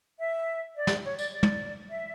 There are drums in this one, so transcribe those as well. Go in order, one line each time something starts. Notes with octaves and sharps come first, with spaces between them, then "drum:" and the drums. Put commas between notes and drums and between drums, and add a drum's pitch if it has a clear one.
E5
D5
drum: snare
C#5
D5, drum: tambourine
D5
drum: tom
E5